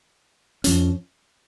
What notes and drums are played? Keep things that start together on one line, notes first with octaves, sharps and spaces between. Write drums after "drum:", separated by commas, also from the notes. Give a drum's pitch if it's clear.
F2 F3 C#4, drum: hi-hat